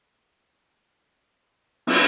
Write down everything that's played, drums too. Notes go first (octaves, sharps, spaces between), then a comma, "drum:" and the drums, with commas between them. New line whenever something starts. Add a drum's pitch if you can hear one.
C2 A2 A4 D#5 A#5 C6
drum: cymbal